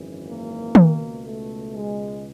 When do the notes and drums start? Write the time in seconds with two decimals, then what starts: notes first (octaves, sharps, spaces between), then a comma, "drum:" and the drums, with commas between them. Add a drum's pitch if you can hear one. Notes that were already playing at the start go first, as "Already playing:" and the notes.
Already playing: G#1 F#2 C#3 E3
0.25 A#3
0.75 C#2 B2, drum: tom D#3
1.25 A3
1.74 G#3